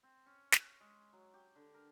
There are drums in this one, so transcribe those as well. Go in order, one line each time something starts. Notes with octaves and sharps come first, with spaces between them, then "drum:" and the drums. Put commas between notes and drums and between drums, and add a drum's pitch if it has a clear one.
C4
C#4
drum: snare
G#3
F#3
G4
D3
A#4